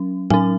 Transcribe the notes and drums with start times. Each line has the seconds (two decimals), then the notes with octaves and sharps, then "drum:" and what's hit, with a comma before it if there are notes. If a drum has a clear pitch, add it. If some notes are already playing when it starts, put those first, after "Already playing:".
Already playing: F#3 C#4
0.30 F#3 C#4 G#5, drum: tom A2